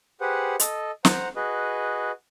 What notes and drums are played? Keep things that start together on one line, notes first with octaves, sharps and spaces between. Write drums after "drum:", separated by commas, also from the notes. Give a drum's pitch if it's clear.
G4 G#4 B4 C5 F#5
A4 D#5, drum: hi-hat
C5 F#5 A#5, drum: snare
F#4 G#4 B4 D#5